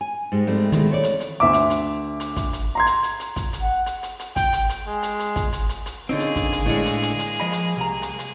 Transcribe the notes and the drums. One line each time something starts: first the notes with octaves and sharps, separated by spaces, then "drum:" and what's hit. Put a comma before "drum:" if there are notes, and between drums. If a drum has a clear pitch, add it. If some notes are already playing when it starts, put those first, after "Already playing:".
G#5
G#2 G#3 G4
G3 A3 C4
B2 D#3 E3 G#3, drum: hi-hat
C#5 D5
drum: hi-hat
drum: hi-hat
D2 E5 D6
drum: hi-hat
drum: hi-hat
drum: hi-hat
drum: kick, hi-hat
drum: hi-hat
A#5 C6 G#6
drum: hi-hat
drum: hi-hat
drum: hi-hat
drum: kick, hi-hat
drum: hi-hat
F#5
drum: hi-hat
drum: hi-hat
drum: hi-hat
G5, drum: kick, hi-hat
drum: hi-hat
drum: hi-hat
G#3
drum: hi-hat
drum: hi-hat
drum: kick, hi-hat
drum: hi-hat
drum: hi-hat
drum: hi-hat
D3 A#3 C4 C#4 D#4 G#4
drum: hi-hat
drum: kick, hi-hat
drum: hi-hat
A2 D3 E3 G#3
drum: hi-hat
drum: hi-hat
drum: hi-hat
F3 D#5 B5
drum: hi-hat
C2 A#5
drum: hi-hat
drum: hi-hat